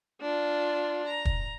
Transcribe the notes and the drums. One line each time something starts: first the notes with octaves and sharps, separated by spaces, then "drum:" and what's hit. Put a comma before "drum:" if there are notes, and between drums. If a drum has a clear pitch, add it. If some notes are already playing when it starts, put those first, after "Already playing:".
D4 F4
A#5
drum: kick